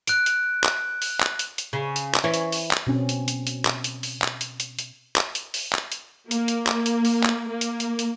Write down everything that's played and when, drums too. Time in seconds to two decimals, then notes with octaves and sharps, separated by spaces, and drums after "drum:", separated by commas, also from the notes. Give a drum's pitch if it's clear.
0.07 F#6 D7, drum: hi-hat
0.26 drum: hi-hat
0.64 drum: clap
1.02 drum: open hi-hat
1.21 drum: clap
1.39 drum: hi-hat
1.58 drum: hi-hat
1.73 C#3
1.96 drum: hi-hat
2.15 drum: clap
2.24 E3 C#4
2.34 drum: hi-hat
2.52 drum: open hi-hat
2.71 drum: clap
2.87 B2 C4 C#4
3.09 drum: hi-hat
3.28 drum: hi-hat
3.47 drum: hi-hat
3.65 drum: clap
3.84 drum: hi-hat
4.03 drum: open hi-hat
4.22 drum: clap
4.41 drum: hi-hat
4.60 drum: hi-hat
4.79 drum: hi-hat
5.16 drum: clap
5.35 drum: hi-hat
5.54 drum: open hi-hat
5.73 drum: clap
5.92 drum: hi-hat
6.31 A#3, drum: hi-hat
6.48 drum: hi-hat
6.67 drum: clap
6.86 drum: hi-hat
7.05 drum: open hi-hat
7.24 drum: clap
7.50 A#3
7.61 drum: hi-hat
7.80 drum: hi-hat
7.99 drum: hi-hat